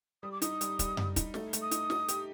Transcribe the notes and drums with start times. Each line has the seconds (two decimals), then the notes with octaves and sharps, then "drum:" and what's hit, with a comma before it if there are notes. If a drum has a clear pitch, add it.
0.23 G3 D#6
0.32 D6
0.42 D#4 D#6, drum: hi-hat
0.61 G3, drum: hi-hat
0.79 G3, drum: kick, hi-hat
0.97 G3, drum: tom F#2
1.16 D#4, drum: kick, hi-hat
1.34 A3, drum: snare
1.53 A3, drum: hi-hat
1.62 D#6
1.71 D#4, drum: hi-hat
1.90 D#4, drum: snare
2.08 G4, drum: hi-hat